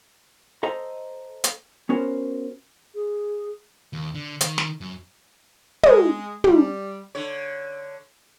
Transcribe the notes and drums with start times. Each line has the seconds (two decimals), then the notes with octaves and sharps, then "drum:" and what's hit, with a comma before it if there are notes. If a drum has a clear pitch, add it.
0.63 A4 C5 D#5 A#5
1.44 drum: hi-hat
1.89 B3 C#4 F#4 A#4 C5
2.95 G#4
3.93 D#2
4.15 D3
4.41 D#3, drum: hi-hat
4.58 drum: snare
4.81 F#2
5.83 G#3, drum: tom
6.44 G3, drum: tom
7.15 D3 C#5